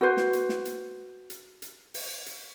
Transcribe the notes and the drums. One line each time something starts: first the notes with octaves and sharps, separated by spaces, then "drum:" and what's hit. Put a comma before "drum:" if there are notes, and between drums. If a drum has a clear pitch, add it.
F#4 B4 C5
drum: snare
drum: hi-hat
drum: snare
drum: hi-hat
drum: hi-hat
drum: hi-hat
drum: open hi-hat
drum: hi-hat